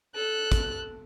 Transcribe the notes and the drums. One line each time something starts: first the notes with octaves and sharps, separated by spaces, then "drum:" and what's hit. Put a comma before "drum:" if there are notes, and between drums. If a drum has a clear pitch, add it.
A4 F#6
drum: kick, hi-hat